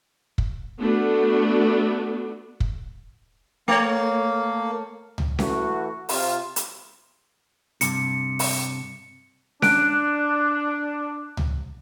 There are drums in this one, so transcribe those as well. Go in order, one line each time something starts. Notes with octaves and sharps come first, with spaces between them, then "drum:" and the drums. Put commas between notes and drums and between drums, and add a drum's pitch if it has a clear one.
drum: kick
A3 B3 D4 F#4
drum: kick
A3 A#3 C#5
drum: tom C#2
E3 A3 F#4, drum: snare C#4
C3 F4, drum: open hi-hat
drum: hi-hat
G2 C3 C#7, drum: hi-hat
drum: open hi-hat
D4 F#6 D7, drum: snare C#4
drum: tom C#2